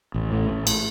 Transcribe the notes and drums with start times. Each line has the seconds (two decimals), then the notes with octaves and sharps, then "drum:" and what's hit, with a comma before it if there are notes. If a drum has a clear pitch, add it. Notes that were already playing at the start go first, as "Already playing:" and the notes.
0.14 A1
0.32 A2
0.49 A1
0.67 drum: cymbal